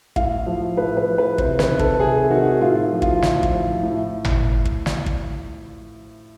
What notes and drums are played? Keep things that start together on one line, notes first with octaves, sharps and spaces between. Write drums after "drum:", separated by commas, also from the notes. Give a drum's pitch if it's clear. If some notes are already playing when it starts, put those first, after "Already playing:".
A2 F5, drum: kick
F3
A2 B4
B4
F3
B4
C3 C5, drum: kick
B4, drum: snare
D#3
A4, drum: kick
C3 G#4
D#3 F#4
A2 F4
F3
F4, drum: kick
A2, drum: snare
drum: kick
F3
A2
drum: tom G#1
drum: kick
drum: snare
drum: kick